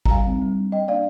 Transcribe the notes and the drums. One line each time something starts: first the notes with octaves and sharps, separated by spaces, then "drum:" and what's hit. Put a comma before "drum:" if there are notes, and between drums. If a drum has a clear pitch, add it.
A#5, drum: kick G#1
G3 F5 G#5
C4 D#4
G3
D4
G3 D#5 G5
A#3 D4 D5 F5